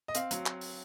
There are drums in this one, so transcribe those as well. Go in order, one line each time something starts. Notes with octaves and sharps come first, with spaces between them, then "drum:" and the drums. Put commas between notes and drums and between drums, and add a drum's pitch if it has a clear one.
D#5
C4 F5, drum: hi-hat
F#3, drum: hi-hat
drum: clap
drum: open hi-hat